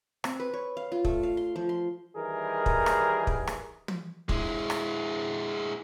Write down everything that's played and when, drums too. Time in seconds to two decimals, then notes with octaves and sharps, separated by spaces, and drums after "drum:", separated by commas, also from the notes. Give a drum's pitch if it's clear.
0.24 C4, drum: rim click
0.40 B4
0.54 C#5
0.77 F5
0.92 F4
1.05 A3, drum: kick
1.23 F5
1.37 C6
1.56 F3
1.69 C6
2.16 D#3 E3 G3 G#4 A#4
2.66 drum: kick
2.86 drum: rim click
3.27 drum: kick
3.47 drum: rim click
3.88 drum: tom
4.29 G#3 E4, drum: kick
4.70 drum: rim click